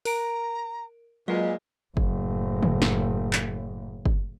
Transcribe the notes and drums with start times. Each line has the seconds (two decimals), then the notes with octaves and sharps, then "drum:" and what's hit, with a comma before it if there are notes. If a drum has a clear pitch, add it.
0.05 A#4 A#5 D7, drum: open hi-hat
1.28 A#2 F#3 G#3 B4 D#5
1.97 F#1 A2, drum: kick G1
2.63 drum: tom C#3
2.82 drum: snare
3.33 drum: clap
4.06 drum: kick G1